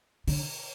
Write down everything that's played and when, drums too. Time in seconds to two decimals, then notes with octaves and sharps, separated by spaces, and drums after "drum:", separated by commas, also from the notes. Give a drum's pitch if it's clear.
0.28 D3, drum: open hi-hat